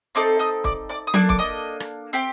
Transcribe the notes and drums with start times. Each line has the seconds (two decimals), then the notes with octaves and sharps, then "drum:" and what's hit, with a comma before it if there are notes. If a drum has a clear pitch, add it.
0.15 C4 D#4 A4 D5 D6
0.39 D#5 D#6
0.64 D5 D6, drum: kick
0.89 D5 D6
1.07 D#6
1.14 A#3 D4 A4 D5 D6, drum: tom F#3
1.29 D6, drum: kick
1.39 D#5 D#6
1.80 drum: rim click
2.13 C4 G4